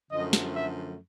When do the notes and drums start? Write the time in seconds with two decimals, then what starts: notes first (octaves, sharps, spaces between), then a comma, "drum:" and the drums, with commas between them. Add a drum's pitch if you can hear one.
0.12 F#2 D3 F3 A3 D#5
0.33 drum: snare
0.54 E5